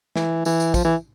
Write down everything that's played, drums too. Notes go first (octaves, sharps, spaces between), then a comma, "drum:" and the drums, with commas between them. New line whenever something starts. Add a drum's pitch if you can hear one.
E3, drum: snare
E3, drum: tambourine
drum: tambourine
F3, drum: kick, tambourine
E3